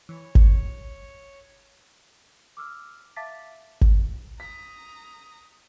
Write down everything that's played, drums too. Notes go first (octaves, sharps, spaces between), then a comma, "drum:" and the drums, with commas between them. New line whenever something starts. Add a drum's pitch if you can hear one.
E3 C#5
drum: kick G1
D6 E6 F6
E5 F5 A5 D6 A6 B6
drum: kick G1
A#5 D#6 B6